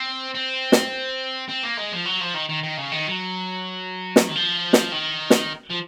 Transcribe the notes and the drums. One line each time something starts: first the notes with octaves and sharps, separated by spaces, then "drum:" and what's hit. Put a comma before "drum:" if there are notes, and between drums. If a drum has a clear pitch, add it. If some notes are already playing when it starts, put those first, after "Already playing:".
Already playing: C4
C4
drum: snare
C4
A#3
G#3
F3
F#3
F3
D#3
D#3
D#3
C#3
D#3
F#3
drum: snare
D#3
F3
drum: snare
D#3
drum: snare
F3